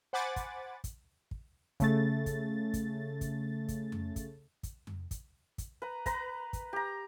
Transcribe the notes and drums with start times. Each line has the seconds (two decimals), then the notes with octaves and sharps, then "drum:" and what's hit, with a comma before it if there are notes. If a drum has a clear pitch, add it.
0.13 C5 F#5 G#5 B5 D6 A6
0.36 drum: kick, hi-hat
0.84 drum: kick, hi-hat
1.31 drum: kick
1.80 C#3 A3 A6, drum: kick, hi-hat
2.26 drum: kick, hi-hat
2.74 drum: kick, hi-hat
3.21 drum: kick, hi-hat
3.68 drum: kick, hi-hat
3.92 drum: tom F2
4.16 drum: kick, hi-hat
4.63 drum: kick, hi-hat
4.87 drum: tom F2
5.11 drum: kick, hi-hat
5.58 drum: kick, hi-hat
5.82 B4 A#5
6.06 B4 A#5, drum: kick, hi-hat
6.53 drum: kick, hi-hat
6.73 G4 A#5